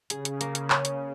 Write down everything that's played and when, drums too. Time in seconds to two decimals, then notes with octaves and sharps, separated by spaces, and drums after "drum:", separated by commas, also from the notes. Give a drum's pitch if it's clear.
0.10 C#3 G#4, drum: hi-hat
0.25 drum: hi-hat
0.41 A#3, drum: hi-hat
0.55 drum: hi-hat
0.70 C#4, drum: clap
0.85 drum: hi-hat